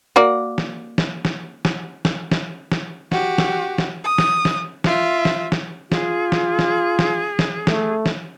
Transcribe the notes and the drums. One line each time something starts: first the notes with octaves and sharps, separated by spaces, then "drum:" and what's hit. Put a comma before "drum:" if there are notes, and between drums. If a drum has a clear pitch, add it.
A#3 F#4 D5
drum: snare
drum: snare
drum: snare
drum: snare
drum: snare
drum: snare
drum: snare
F#4 G4, drum: snare
drum: snare
drum: snare
D#6
drum: snare
drum: snare
F4 E5, drum: snare
drum: snare
drum: snare
F4 G#4, drum: snare
drum: snare
drum: snare
drum: snare
drum: snare
A3, drum: snare
drum: snare